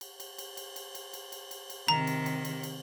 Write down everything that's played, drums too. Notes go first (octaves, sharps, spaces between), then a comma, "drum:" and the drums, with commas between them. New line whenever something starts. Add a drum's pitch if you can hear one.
drum: cymbal
drum: cymbal
drum: cymbal
drum: cymbal
drum: cymbal
drum: cymbal
drum: cymbal
drum: cymbal
drum: cymbal
drum: cymbal
C3 D#3 A#5
drum: cymbal
drum: cymbal
drum: cymbal
drum: cymbal